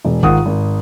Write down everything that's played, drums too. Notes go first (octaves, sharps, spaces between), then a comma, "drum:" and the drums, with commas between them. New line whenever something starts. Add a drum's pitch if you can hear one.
E1
G#2 D#3 F4 F#5 D#6, drum: kick
G#1